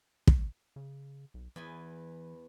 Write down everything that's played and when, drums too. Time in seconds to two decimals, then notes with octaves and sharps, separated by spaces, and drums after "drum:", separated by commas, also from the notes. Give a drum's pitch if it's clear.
0.28 drum: kick
0.76 C#3
1.34 B1
1.56 E2 E3 B4 G#5